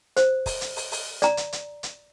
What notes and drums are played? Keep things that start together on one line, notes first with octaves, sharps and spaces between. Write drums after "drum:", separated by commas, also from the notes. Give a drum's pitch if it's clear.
C5, drum: hi-hat
drum: kick, open hi-hat
drum: hi-hat
drum: open hi-hat
drum: open hi-hat
D5 A#5, drum: hi-hat
drum: hi-hat
drum: hi-hat
drum: hi-hat